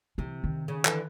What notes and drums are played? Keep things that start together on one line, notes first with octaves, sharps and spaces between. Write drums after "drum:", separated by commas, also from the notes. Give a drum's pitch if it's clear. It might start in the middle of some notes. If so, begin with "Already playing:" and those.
C3 E3
D#3
C#3
D3 E3, drum: clap